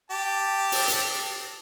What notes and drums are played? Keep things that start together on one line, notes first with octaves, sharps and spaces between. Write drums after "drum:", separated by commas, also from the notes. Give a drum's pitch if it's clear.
G4 A5
drum: open hi-hat
drum: hi-hat